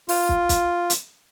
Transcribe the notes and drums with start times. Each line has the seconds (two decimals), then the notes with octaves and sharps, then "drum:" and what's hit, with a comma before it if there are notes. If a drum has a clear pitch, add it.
0.09 F4, drum: open hi-hat
0.29 drum: kick
0.49 drum: kick, hi-hat
0.90 drum: hi-hat